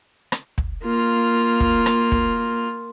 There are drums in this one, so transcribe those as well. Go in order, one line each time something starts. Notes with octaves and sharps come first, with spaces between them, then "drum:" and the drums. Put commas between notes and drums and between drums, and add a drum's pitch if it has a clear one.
drum: rim click
drum: kick
A#3 F4
drum: kick
drum: rim click
drum: kick